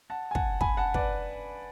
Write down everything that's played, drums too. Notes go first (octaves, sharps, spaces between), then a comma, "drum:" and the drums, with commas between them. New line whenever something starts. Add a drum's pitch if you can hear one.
F#5 A5
G#5
F#5 A5, drum: kick
G#5 B5, drum: kick
F#5 A5
B4 D5, drum: kick